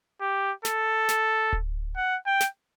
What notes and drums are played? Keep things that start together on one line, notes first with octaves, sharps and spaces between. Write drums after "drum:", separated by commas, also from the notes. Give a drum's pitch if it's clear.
G4
A4, drum: snare
drum: snare
drum: kick D1
F#5
G5
drum: snare